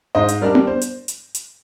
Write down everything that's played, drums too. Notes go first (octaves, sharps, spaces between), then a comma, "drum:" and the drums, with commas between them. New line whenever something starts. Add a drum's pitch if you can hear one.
G#2 C5 D#5
drum: hi-hat
G3 D4 A#4 D5
drum: tom B3
C5
drum: hi-hat
drum: hi-hat
drum: hi-hat